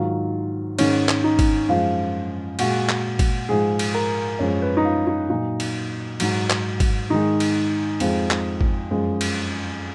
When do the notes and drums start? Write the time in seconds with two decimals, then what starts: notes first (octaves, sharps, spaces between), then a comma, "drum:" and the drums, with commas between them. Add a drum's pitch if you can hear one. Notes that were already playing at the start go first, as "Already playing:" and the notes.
Already playing: G#2 D#3 F#3 F4
0.79 G#2 D#3 G#3 C#4, drum: cymbal
1.09 drum: clap
1.24 D#4
1.39 drum: kick, cymbal
1.68 F#2 F3 G#3 F4
2.59 A#2 G#3 F#4, drum: cymbal
2.89 drum: clap
3.19 drum: kick, cymbal
3.49 G#2 F3 G#3 G#4
3.79 drum: cymbal
3.95 A#4
4.39 F#2 F3 G#3 C#5
4.62 B4
4.77 D#4
4.85 F4
5.07 D#4
5.30 A#2 F#3 D#4
5.60 drum: cymbal
6.20 G#2 F#3, drum: cymbal
6.50 drum: clap
6.80 drum: kick, cymbal
7.10 G#2 D#3 G#3 D#4
7.40 drum: cymbal
8.00 F2 F3 G#3, drum: cymbal
8.31 drum: clap
8.61 drum: kick
8.91 F#2 F3 G#3
9.21 drum: cymbal